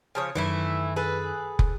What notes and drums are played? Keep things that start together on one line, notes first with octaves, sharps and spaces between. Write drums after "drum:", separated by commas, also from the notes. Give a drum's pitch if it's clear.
C#3 F3 C#5 G#5 A5 D#6
F#2 D#3 E3 A3 E4
G#4 A4 B4
drum: kick